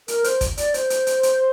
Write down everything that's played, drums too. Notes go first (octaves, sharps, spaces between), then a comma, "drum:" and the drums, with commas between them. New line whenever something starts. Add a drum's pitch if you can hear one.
A#4, drum: hi-hat
C5, drum: hi-hat
drum: kick, hi-hat
D5, drum: hi-hat
C5, drum: hi-hat
drum: hi-hat
drum: hi-hat
drum: hi-hat